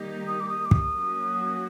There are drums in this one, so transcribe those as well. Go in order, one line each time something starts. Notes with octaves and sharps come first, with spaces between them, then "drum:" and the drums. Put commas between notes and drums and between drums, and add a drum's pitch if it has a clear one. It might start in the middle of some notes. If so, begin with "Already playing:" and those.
Already playing: D#3 G3 A#3 D#4 G4
D#6
D6
D#6
D6
D#6, drum: kick
F#3 A#3 C#4 F#4